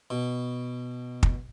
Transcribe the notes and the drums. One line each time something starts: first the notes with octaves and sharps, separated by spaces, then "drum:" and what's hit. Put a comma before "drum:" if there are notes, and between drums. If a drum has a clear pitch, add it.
B2
drum: kick